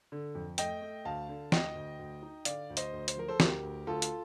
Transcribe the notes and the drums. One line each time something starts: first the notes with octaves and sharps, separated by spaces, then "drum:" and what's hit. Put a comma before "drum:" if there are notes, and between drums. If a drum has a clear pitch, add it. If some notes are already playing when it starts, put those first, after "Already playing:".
D3
F2
A3 D#5 G5, drum: hi-hat
A3
D2 F5 A5
D3
D2 D#5 G5, drum: snare
D2
D2
D#4
D3 D5 F5, drum: hi-hat
D2
C5 D#5, drum: hi-hat
D2
C5, drum: hi-hat
F3 A#4
A4 C5
D2 G4 A#4, drum: snare
D2
D2 F4 A4
drum: hi-hat